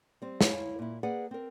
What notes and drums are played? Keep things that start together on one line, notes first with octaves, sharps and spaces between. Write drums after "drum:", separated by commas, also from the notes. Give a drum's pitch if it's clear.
G3 C4
E4 C#5 F5, drum: snare
A#2 E4
A#3 G#4 B4 D5 F#5
C4 A#4